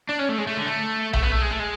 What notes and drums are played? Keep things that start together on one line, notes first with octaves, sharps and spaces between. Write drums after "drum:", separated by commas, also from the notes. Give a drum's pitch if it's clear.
D4
C#4
A3
G#3
A3
D3
A3
A3, drum: tom B1
B3
A3
G#3
A3
G#3